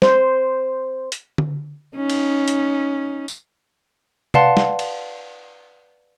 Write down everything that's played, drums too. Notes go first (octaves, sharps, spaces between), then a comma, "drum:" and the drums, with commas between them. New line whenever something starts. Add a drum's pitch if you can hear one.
C5, drum: snare
drum: hi-hat
drum: tom D3
C#4 D#4
drum: cymbal
drum: hi-hat
drum: tambourine
B4 D5 F5 F#5 A5 C6, drum: tom C3
drum: snare
drum: cymbal